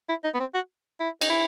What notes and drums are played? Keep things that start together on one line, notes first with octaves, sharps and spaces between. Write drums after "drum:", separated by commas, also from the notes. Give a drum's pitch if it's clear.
E4
D#4
B3
C4
F#4
E4
D#4, drum: cymbal
E4